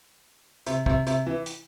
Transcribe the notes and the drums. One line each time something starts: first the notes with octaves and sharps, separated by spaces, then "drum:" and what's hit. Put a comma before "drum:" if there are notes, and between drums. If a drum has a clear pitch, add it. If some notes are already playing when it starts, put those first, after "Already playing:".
C3, drum: hi-hat
C3, drum: kick
C3, drum: hi-hat
E3
drum: hi-hat